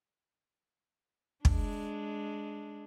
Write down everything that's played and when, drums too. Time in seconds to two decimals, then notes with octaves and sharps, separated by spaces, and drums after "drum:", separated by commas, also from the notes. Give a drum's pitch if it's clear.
1.45 G#3 D4, drum: kick